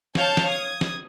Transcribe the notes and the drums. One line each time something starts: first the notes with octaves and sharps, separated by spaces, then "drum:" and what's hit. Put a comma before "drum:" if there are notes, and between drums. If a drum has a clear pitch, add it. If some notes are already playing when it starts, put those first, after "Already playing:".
C#5 F5 A5 G6, drum: snare
drum: snare
D#6 G#6
drum: snare